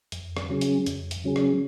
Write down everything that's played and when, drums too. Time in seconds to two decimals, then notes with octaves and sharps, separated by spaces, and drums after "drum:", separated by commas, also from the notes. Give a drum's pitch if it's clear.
0.12 F2, drum: hi-hat
0.37 drum: rim click
0.49 C#3 F#3 C#4 G#4
0.61 drum: hi-hat
0.86 F2, drum: hi-hat
1.11 drum: hi-hat
1.24 C#3 F#3 C#4 G#4
1.36 drum: rim click